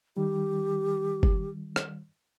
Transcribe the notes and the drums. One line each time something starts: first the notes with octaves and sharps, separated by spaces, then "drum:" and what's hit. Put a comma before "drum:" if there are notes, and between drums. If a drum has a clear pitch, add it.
D#3 G3 G4
drum: kick F#1
drum: rim click